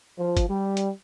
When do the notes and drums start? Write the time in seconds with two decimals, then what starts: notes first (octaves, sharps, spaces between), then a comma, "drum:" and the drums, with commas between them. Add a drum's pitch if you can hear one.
0.16 F3
0.37 drum: kick G1, hi-hat
0.49 G3
0.77 drum: hi-hat